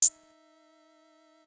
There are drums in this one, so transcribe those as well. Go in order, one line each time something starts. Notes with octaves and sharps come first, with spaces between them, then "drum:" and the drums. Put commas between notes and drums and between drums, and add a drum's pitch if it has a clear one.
D#4 E5, drum: hi-hat